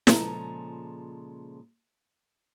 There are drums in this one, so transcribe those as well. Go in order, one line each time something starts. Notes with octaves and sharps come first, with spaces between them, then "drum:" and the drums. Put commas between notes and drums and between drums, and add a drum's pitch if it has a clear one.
A#2 C#3 F3 G#3 A4 A#5, drum: snare